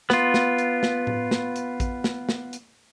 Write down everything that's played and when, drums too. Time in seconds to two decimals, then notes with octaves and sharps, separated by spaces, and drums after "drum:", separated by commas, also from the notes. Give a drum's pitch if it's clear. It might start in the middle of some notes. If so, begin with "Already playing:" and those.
0.10 B3 F4, drum: snare
0.34 drum: snare
0.58 drum: hi-hat
0.83 drum: snare
1.07 drum: tom A2
1.31 drum: snare
1.56 drum: hi-hat
1.80 drum: kick A1, hi-hat
2.04 drum: snare
2.29 drum: snare
2.53 drum: hi-hat